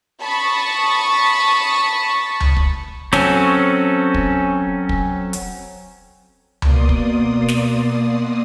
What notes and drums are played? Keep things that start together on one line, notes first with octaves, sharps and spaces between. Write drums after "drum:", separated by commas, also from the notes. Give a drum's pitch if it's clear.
A5 B5 C#6 D#6
drum: tom C#2
drum: kick
F#3 C4 C#4 A4, drum: snare
drum: kick
drum: kick
drum: hi-hat
B2 A#3 D5 C6 D#6, drum: tom C#2
drum: kick
drum: snare